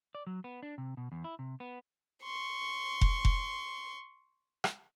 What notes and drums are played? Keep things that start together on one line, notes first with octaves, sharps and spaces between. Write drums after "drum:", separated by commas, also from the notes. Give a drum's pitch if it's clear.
D5
F#3
B3
D4
C3
B2
E2
E4
C3
B3
C6 C#6
drum: kick F1
drum: kick F1
drum: rim click